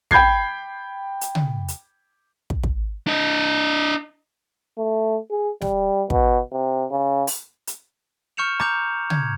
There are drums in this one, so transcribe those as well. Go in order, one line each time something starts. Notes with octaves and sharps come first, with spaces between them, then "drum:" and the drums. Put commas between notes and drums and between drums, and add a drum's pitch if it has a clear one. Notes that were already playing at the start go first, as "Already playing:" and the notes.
G5 B5 G6 G#6 C7, drum: kick
drum: hi-hat
drum: tom
drum: hi-hat
drum: kick
drum: kick
D4 D#5
A3
G#4
G3, drum: snare
B2, drum: kick
C3
C#3
drum: open hi-hat
drum: hi-hat
C#6 F6 G6 C#7 E7 F7
A#5 D6 G6 F7, drum: rim click
G#6, drum: tom